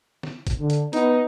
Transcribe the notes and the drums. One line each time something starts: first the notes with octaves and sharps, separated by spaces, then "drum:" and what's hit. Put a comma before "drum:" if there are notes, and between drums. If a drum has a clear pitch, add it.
drum: snare D#3
drum: kick, hi-hat
D3
drum: hi-hat
B3 D#4, drum: hi-hat